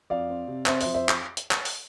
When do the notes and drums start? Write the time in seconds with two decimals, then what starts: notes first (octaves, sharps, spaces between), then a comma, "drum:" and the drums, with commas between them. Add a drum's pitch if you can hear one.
0.10 F2 D5 F5
0.30 C4
0.48 C3
0.66 C4 C5 E5, drum: clap
0.81 F2 C5 E5, drum: open hi-hat
0.94 C5 E5
1.09 drum: clap
1.37 drum: hi-hat
1.51 drum: clap
1.65 drum: open hi-hat